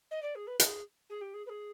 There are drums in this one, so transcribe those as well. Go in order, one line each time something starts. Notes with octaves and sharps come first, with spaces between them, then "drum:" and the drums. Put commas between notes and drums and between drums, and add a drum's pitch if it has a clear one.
D#5
D5
G#4
B4
B4, drum: hi-hat
G#4
G#4
G4
G#4
B4
G#4